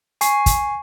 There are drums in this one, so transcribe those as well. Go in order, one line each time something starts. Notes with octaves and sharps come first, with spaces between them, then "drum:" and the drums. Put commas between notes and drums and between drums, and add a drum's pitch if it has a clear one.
G#5 C#6 C7, drum: hi-hat
drum: kick, hi-hat